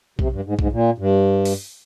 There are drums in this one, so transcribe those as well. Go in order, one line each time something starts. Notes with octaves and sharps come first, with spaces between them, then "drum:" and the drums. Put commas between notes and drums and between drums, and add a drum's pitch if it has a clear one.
C3, drum: kick B1
G2
G#2
G#2, drum: kick B1
A#2
G2
drum: open hi-hat